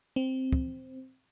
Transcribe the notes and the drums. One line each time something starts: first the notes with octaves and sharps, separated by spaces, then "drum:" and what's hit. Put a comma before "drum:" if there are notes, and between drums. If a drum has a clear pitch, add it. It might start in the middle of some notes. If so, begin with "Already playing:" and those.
C4
drum: kick